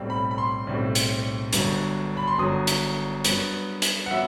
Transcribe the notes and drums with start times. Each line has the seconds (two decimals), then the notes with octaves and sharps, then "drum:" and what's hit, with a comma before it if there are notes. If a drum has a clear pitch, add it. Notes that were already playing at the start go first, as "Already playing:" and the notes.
Already playing: B1 A2 G3 C4
0.10 B5
0.31 B5
0.38 C6
0.67 B1 A2 G3 C4
0.95 drum: hi-hat
1.53 G1 G2 F#3, drum: hi-hat
2.17 B5
2.27 C6
2.38 G1 G2 F#3 D#6
2.67 drum: hi-hat
3.25 G2 F#3 B3, drum: hi-hat
3.82 drum: hi-hat
4.06 F#5
4.11 F#3 B3 E5